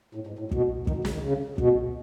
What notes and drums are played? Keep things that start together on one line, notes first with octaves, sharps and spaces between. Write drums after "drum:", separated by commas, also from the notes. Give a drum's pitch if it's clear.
A2
G#2
A2
B2, drum: kick
D#3, drum: kick
B2
C#3, drum: snare
D#3
C#3
B2, drum: kick